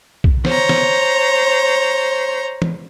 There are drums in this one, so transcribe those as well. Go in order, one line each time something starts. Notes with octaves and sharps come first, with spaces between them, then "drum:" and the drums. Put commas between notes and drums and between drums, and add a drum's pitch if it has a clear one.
drum: kick B1
C5 C#5 A#5, drum: snare
drum: snare
drum: tom